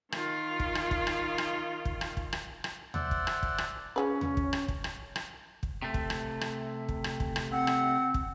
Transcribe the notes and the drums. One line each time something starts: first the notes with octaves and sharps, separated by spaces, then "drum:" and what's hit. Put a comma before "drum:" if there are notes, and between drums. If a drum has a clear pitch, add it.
D#3 F4, drum: rim click
drum: kick
drum: rim click
drum: kick
drum: rim click
drum: rim click
drum: kick
drum: rim click
drum: kick
drum: rim click
drum: rim click
C5 D5 E5 F#5, drum: tom D#2
drum: kick
drum: rim click
drum: kick
drum: rim click
F3 C#4 G#4 B4
drum: tom D#2
drum: kick
drum: rim click
drum: kick
drum: rim click
drum: rim click
drum: kick
C3 A3
drum: kick
drum: rim click
drum: rim click
drum: kick
drum: rim click
drum: kick
drum: rim click
C4 F#5
drum: rim click
drum: kick